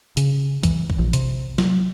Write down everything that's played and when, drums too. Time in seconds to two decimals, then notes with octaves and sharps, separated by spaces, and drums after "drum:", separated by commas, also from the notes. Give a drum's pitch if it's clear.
0.17 C#3, drum: hi-hat
0.63 E3, drum: kick, hi-hat
0.90 drum: kick
0.99 A#1
1.13 C3, drum: hi-hat
1.58 F#3, drum: snare